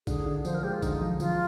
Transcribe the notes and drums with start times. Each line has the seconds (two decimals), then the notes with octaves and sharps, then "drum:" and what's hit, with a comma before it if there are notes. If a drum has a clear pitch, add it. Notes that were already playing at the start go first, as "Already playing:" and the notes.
0.07 D3 G#4, drum: kick, tambourine
0.26 D3
0.45 F3 C5, drum: tambourine
0.54 A#4
0.63 G#3 G4
0.73 F4
0.82 D3 D#4, drum: kick, tambourine
1.01 F3
1.20 F3 F4, drum: tambourine